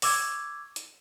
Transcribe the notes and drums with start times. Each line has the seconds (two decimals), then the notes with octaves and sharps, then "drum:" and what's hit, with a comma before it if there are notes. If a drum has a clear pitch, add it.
0.02 C#6 D6 E6 G#6, drum: open hi-hat
0.76 drum: hi-hat